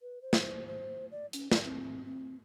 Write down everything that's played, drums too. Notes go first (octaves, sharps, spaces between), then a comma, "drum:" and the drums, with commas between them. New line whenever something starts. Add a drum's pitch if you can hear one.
B4
C5
drum: snare
C5
D5
C#4, drum: hi-hat
D5, drum: snare
C4
C4